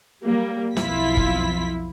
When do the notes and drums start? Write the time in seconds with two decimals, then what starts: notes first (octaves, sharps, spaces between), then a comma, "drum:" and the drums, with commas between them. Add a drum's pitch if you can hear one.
0.23 F#3 G3 A#3
0.77 B1 F2 E4 F4 B6, drum: snare
1.17 drum: kick